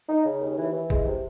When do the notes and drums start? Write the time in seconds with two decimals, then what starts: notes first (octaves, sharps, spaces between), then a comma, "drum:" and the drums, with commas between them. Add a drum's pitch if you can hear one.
0.09 D#4
0.25 C#3
0.41 D#2
0.58 E3
0.73 E3
0.90 G#3, drum: kick G#1
1.06 C3